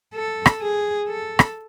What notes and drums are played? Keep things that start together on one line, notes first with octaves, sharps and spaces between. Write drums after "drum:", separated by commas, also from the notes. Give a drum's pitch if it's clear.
A4
drum: rim click
G#4
A4
drum: rim click